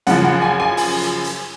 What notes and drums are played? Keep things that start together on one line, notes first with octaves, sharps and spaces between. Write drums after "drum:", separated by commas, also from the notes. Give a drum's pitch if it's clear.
F#2 C#3 F3 F#5, drum: hi-hat
F#5
G#5
G#5
drum: open hi-hat
drum: hi-hat
drum: hi-hat